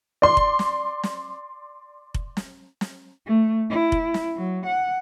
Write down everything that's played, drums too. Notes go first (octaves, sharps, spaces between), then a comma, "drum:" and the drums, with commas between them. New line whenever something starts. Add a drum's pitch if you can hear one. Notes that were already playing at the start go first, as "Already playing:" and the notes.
D5 C6
drum: kick F1
drum: snare
drum: snare
drum: kick F1
drum: snare
drum: snare
A3
E4
drum: kick F1
drum: snare
F#3
F#5